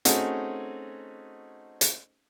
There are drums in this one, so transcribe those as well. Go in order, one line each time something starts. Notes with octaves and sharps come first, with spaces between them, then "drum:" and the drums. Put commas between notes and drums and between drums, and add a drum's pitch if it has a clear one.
A3 C4 C#4 D#4 F#4 G#4, drum: hi-hat
drum: hi-hat